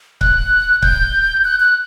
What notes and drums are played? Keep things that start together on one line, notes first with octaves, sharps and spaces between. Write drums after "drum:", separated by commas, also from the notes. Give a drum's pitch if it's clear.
F#6, drum: kick C#1
G6, drum: kick C#1
F#6
F#6